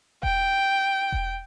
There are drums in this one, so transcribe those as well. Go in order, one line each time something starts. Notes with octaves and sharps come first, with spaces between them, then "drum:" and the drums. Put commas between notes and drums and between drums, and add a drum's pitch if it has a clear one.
G5, drum: kick E1
drum: kick E1